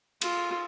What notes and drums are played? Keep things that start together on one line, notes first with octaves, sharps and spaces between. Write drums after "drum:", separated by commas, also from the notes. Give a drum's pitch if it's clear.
F4, drum: cymbal